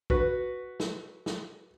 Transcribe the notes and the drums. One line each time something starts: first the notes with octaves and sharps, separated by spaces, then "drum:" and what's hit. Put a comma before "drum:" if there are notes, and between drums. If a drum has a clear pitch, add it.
F#4 B4, drum: kick
drum: snare
drum: snare